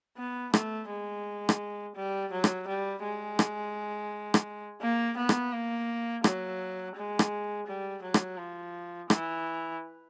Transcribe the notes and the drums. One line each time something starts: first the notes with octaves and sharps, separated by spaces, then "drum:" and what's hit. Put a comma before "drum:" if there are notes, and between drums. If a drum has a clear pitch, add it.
B3
A3, drum: rim click
G#3
drum: rim click
G3
F#3
drum: rim click
G3
G#3
drum: rim click
drum: rim click
A#3
B3
drum: rim click
A#3
F#3, drum: rim click
G#3
drum: rim click
G3
F#3
drum: rim click
F3
E3, drum: rim click